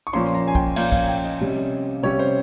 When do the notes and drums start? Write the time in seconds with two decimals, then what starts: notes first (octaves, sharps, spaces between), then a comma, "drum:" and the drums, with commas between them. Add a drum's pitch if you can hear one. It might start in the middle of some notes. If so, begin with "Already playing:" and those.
0.07 C#6
0.13 A#2 F3 A#3 C#4 C6
0.34 A#5
0.48 G#5
0.55 G5, drum: kick
0.76 A#2 F3 A#3 C#4 F5, drum: cymbal
0.92 F5, drum: kick
1.08 G5
1.24 D#5
1.41 C3 G3 C#4
2.03 C3 G3 C#4 C#5
2.19 C5